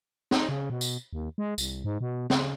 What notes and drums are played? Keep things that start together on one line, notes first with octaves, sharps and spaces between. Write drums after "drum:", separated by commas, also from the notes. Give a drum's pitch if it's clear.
D#4, drum: snare
C#3
B2
drum: tambourine
D#2
G#3
C2, drum: tambourine
G#2
B2
C#3, drum: snare